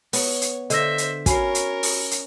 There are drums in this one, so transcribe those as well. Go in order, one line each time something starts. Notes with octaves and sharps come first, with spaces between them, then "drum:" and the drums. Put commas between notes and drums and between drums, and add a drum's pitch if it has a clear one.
B3 C#5, drum: open hi-hat
drum: hi-hat
D3 C5 D#5 E5 E6 A#6, drum: hi-hat
drum: hi-hat
C#4 F#4 A#4 C#5 B5 C7, drum: kick, hi-hat
drum: hi-hat
drum: open hi-hat
drum: hi-hat